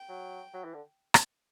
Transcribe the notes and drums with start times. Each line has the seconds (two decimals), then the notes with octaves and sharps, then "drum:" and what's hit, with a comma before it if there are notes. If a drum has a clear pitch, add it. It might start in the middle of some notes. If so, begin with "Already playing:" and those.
Already playing: G5
0.09 F#3
0.54 F#3
0.64 E3
0.74 D3
1.14 drum: rim click